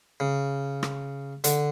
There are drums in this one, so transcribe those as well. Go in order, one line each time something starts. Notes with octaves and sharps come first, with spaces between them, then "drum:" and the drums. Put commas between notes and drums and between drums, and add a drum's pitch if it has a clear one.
C#3
drum: rim click
D3, drum: hi-hat